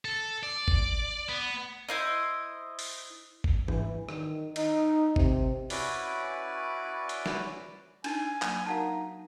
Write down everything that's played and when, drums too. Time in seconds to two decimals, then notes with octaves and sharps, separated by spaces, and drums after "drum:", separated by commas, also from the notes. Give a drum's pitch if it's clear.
0.05 A4
0.43 D5
0.68 drum: kick G#1
1.29 B3
1.89 E4 C5 D#5
2.79 drum: open hi-hat
3.44 drum: kick G#1
3.68 E3, drum: tom G#2
4.09 D#3, drum: rim click
4.56 D#4, drum: cymbal
5.16 C3, drum: kick G#1
5.70 C#4 E4 F#4 B4 D5, drum: open hi-hat
7.09 drum: hi-hat
7.26 drum: snare
8.04 D4 D#4 G#5, drum: cymbal
8.42 F#3 A#3, drum: clap
8.66 D#4 F#4 A#4 F5 F#5 A5